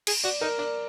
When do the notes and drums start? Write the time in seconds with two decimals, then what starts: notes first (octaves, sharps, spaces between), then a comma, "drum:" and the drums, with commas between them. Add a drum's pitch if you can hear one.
0.07 G#4, drum: cymbal
0.24 F#4 D5
0.41 D#4 A#4
0.58 D4 D5